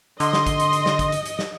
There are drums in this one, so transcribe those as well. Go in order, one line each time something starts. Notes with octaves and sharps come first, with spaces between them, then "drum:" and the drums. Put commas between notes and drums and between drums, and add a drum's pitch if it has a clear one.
D3 D#5 C6, drum: hi-hat
drum: snare
drum: kick, hi-hat
drum: hi-hat
drum: hi-hat
drum: snare
drum: kick, hi-hat
drum: hi-hat
drum: hi-hat
drum: snare